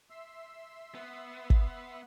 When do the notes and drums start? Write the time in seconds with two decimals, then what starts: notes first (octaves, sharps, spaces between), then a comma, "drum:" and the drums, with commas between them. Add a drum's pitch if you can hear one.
0.10 E5 C6 E6
0.95 B3
1.50 drum: kick